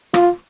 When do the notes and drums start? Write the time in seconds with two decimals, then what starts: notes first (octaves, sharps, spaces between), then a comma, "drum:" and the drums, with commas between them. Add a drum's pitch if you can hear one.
0.14 F4, drum: rim click